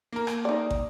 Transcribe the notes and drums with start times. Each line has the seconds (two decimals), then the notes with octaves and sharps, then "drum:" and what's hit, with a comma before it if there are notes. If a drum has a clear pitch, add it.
0.12 A#3 A#4
0.27 drum: rim click
0.45 D#4 D5
0.70 drum: kick